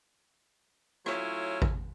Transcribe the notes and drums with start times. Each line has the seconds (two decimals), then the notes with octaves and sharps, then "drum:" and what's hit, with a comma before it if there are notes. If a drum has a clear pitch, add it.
1.06 F#3 A3 C#4 E4 F4, drum: rim click
1.62 drum: kick G#1